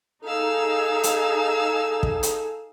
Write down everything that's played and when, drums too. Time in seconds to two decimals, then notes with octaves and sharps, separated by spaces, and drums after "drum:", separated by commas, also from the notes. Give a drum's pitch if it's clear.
0.24 D#4 G#4 A4 F5 G#5 E6
1.03 drum: hi-hat
2.03 drum: kick
2.23 drum: hi-hat